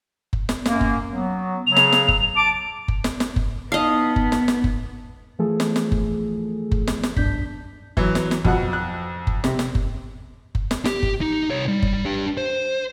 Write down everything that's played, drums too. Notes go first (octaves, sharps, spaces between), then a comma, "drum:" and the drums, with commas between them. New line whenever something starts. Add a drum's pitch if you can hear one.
drum: kick F#1
drum: snare
F#2 A#3, drum: snare
drum: kick F#1
F#3 B3
C#3 F#3 F7
drum: snare
drum: snare
drum: kick F#1
A5 D6 D7
drum: kick F#1
drum: snare
drum: snare
drum: kick F#1
B3 D#4 D#5 F5 A5
drum: kick F#1
drum: snare
drum: snare
drum: kick F#1
E3 F3 A3 G#4 A4
drum: snare
drum: snare
drum: kick F#1
drum: kick F#1
drum: snare
drum: snare
B1 G2 D4 G6 B6, drum: kick F#1
E3 F#3, drum: kick F#1
drum: snare
drum: snare
F2 B2 F3 F#5, drum: kick F#1
F#6
drum: kick F#1
C3, drum: snare
drum: snare
drum: kick F#1
drum: kick F#1
drum: snare
G4, drum: snare
drum: kick F#1
D#4
C2 C#5
G3
drum: kick F#1
D4 G4
C5